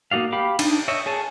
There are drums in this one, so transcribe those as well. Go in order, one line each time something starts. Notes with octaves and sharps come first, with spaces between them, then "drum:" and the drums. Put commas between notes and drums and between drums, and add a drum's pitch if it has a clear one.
A#3 D#4 F#4 D5 F5
G4 F5 B5 D6
D4 D#4, drum: cymbal
C#5 D#5 E5
G#4 C#5 G#5 A5